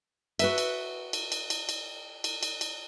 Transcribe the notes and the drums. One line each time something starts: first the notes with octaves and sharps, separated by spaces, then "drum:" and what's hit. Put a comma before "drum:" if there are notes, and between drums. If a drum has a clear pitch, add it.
F#4 B4 E5, drum: cymbal
drum: cymbal
drum: cymbal
drum: cymbal
drum: cymbal
drum: cymbal
drum: cymbal
drum: cymbal
drum: cymbal